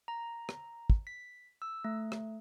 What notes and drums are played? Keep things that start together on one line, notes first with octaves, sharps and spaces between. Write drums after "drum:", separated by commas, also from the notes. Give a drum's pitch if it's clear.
A#5
drum: rim click
drum: kick
B6
E6
A3
drum: rim click